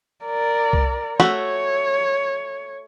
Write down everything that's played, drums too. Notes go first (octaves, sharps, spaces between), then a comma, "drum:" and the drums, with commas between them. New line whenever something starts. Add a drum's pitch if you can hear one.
A#4 D5
drum: kick
A3 F#4 C#5 E5, drum: snare